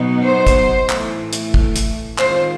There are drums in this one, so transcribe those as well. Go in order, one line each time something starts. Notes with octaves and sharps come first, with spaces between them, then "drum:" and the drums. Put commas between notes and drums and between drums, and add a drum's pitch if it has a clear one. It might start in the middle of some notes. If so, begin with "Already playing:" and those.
Already playing: B2 F#3 B3 D#4
C5
drum: kick, hi-hat
A2 E3 A3, drum: clap
drum: hi-hat
drum: kick
drum: hi-hat
D#3 G#3 C4 F4 C5, drum: clap